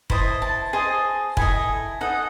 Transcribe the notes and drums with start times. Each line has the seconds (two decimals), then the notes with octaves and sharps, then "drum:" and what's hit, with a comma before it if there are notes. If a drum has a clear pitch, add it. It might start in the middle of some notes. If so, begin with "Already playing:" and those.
0.10 E4 C5 D#5 A5, drum: kick
0.42 A5
0.73 G#4 C5 D#5 A5
1.37 E4 A4 D#5 G#5, drum: kick
2.01 D#4 A4 D#5 F#5